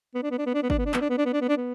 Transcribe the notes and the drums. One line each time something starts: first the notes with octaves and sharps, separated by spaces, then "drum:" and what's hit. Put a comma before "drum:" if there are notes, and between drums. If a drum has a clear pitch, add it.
B3
D4
B3
D4
B3
D4
B3
D4, drum: kick
B3
D4
B3, drum: clap
D4
B3
D4
B3
D4
B3
D4
B3